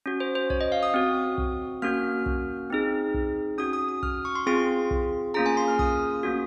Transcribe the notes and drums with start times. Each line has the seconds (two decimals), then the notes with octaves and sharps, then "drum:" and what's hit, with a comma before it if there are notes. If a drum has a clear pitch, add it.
0.06 C#4 F#4
0.20 C5
0.35 C5
0.50 C#5, drum: kick B1
0.61 D#5
0.72 F5
0.83 D#6
0.94 C4 F#4
1.38 drum: kick B1
1.82 A#3 C#4 F#4 F6
2.26 drum: kick B1
2.70 C4 D#4 G#4
3.14 drum: kick B1
3.58 C#4 F#4 D#6
3.73 D#6
3.88 D#6
4.03 F6, drum: kick B1
4.25 C#6
4.35 C6
4.47 C4 F4 G#4 C6
4.91 drum: kick B1
5.34 A#3 C#4 F4 G#4 A#5
5.46 G#5
5.57 C6
5.68 F6
5.79 D#6, drum: kick B1
6.23 A#3 C#4 F#4